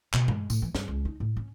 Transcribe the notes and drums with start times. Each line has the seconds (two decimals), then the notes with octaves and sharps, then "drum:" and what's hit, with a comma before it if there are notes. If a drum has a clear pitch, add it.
0.14 B2, drum: clap
0.28 G#3, drum: tom G2
0.50 A2, drum: tambourine
0.62 E3
0.75 G2, drum: snare
0.88 C#2
1.05 D#4
1.20 A2
1.37 C#4